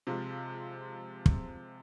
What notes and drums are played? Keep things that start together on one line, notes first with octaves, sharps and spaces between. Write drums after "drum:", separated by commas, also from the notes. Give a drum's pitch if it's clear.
C3 F3 G#3
drum: kick